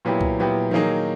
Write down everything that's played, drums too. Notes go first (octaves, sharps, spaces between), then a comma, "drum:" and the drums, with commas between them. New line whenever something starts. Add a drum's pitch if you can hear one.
A#2 F#3 B3 E4 G4
drum: kick
A#2 F#3 B3 E4 G4
D#3 F#3 A#3 D#4 G#4, drum: tom E3